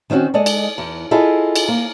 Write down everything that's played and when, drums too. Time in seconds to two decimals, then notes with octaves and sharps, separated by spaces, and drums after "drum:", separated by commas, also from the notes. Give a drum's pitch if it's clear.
0.10 D#3 C4 C#4 F4 F#4
0.34 G#3 A4 D5 D#5
0.46 drum: cymbal
0.78 E2
1.11 E4 F4 G#4 A4 D#5
1.56 drum: cymbal
1.68 A#3